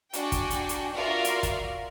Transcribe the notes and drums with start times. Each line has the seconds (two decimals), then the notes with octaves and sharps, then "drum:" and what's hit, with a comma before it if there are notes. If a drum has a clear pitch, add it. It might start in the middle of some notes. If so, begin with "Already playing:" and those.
0.13 D4 F#4 G5 G#5, drum: hi-hat
0.32 drum: kick, hi-hat
0.50 drum: hi-hat
0.69 drum: hi-hat
0.94 F4 F#4 A#4 D5 E5 F5
1.25 drum: hi-hat
1.43 drum: kick, hi-hat